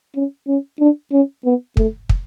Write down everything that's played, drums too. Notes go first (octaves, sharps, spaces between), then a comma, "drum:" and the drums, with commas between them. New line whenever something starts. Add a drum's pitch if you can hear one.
C#4
C#4
D4
C#4
B3
A3, drum: kick
drum: kick